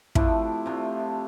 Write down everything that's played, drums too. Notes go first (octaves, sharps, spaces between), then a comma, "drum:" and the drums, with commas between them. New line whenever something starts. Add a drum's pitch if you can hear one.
C3 F3 A3 D4 E4, drum: kick
C3 F3 A3 D4